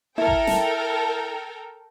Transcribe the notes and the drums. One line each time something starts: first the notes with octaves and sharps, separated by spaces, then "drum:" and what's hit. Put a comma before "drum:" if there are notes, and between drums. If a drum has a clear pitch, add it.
E4 A4 A#4 G5
drum: kick G#1
drum: snare